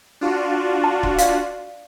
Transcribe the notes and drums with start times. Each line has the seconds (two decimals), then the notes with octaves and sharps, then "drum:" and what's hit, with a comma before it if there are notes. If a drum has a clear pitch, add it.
0.21 D4 F4 F#4
0.84 A5
1.03 drum: kick C#1
1.18 D5 F5, drum: hi-hat